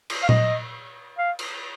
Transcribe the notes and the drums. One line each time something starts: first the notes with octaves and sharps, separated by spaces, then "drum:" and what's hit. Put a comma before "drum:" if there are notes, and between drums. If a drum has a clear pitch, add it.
drum: cymbal
F5
D#5, drum: tom A#2
F5
drum: cymbal